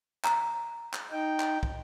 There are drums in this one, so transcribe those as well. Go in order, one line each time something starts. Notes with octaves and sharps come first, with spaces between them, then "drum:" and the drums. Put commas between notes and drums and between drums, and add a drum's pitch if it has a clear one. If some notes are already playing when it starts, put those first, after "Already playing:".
A#5, drum: clap
drum: clap
D#4 G5
drum: clap
drum: kick